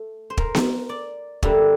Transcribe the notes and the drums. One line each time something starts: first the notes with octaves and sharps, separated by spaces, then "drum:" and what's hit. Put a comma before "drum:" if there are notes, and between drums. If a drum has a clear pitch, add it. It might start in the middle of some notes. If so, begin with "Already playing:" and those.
Already playing: A3
C5
A#4, drum: kick
drum: snare B3
D5
D3 G3 A#3 D4 E5, drum: kick